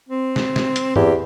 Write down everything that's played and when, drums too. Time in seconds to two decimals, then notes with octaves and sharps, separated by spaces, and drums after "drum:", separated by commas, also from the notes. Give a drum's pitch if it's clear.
0.09 C4
0.36 drum: snare
0.56 drum: snare
0.76 drum: hi-hat
0.96 E2 G4, drum: tom G2